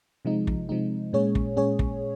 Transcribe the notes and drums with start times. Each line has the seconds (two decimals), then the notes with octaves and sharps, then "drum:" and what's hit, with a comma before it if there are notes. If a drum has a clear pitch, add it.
0.25 C3 F3 G#3 D#4
0.47 drum: kick
0.69 C3 F3 G#3 D#4
1.13 A#2 G#3 C#4 G#4 C#5
1.35 drum: kick
1.57 A#2 G#3 C#4 G#4 C#5
1.79 drum: kick